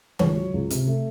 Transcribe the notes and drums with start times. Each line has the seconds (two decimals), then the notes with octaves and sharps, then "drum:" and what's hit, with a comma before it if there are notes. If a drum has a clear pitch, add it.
0.19 C#2 C#5, drum: tom D#3
0.36 F#3
0.53 C#2
0.70 C3, drum: hi-hat
0.87 A3